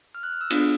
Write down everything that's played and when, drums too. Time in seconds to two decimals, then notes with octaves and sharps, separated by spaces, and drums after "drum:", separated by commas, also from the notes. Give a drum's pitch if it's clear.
0.15 F6
0.23 F#6
0.33 F6
0.41 E6
0.50 B3 D4 F4 G#4 D#6, drum: cymbal